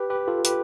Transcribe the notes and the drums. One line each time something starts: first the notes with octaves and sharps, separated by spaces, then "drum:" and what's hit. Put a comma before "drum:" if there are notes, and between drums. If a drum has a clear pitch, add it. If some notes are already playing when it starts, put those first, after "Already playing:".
Already playing: G4 B4
G4 B4
F4 A4
G4 B4, drum: hi-hat